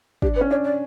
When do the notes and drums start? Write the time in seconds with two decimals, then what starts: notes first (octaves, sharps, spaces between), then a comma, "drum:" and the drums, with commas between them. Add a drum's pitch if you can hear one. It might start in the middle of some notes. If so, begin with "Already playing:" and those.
0.22 D4 G4, drum: kick
0.36 B4
0.41 C#4
0.51 D4 C#5
0.64 D5